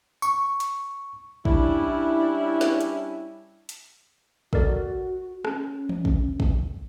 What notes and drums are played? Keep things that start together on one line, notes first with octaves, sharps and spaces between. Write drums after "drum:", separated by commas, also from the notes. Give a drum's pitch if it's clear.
C#6, drum: tambourine
drum: hi-hat
G3 C#4 D4 E4, drum: kick
drum: snare
drum: hi-hat
drum: hi-hat
F#4 A4 A#4 D5, drum: kick
C#4, drum: rim click
drum: tom E3
drum: kick
drum: kick